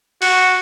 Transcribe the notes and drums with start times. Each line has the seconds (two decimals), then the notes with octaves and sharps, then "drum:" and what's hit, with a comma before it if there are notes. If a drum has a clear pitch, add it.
0.22 F#4, drum: open hi-hat